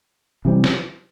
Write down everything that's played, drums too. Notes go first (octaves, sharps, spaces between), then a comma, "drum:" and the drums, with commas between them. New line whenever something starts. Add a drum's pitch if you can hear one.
C3 E3 G3 C4
drum: snare